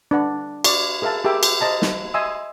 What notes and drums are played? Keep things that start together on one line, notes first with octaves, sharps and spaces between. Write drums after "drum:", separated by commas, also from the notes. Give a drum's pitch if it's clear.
D4 B4 F#5
D5 C#6, drum: cymbal
G#4 A#4 E5 F5 A5
G4 G#4 A#4 E5 G5 D6
drum: cymbal
C5 D#5 A5 A#5
drum: snare
D#5 E5 G#5 C6 D#6 E6